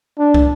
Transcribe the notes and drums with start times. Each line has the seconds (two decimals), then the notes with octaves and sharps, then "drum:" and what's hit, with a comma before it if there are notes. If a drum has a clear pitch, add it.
0.18 D4
0.34 drum: kick